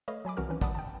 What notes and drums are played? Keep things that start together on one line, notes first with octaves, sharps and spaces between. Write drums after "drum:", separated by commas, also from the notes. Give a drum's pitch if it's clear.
A3 B4 C#5 D#5 F5
F#3 G#5 B5 D6
C2 E3 C4 F#4 A#4 F6
D#3 E3 C#4 B4
D5 F#5 A5 B5 D6 D#6, drum: kick
G5 A5